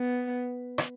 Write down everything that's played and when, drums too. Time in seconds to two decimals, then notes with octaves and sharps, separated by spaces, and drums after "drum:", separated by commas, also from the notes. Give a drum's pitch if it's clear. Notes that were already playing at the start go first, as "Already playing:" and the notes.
Already playing: B3
0.78 drum: rim click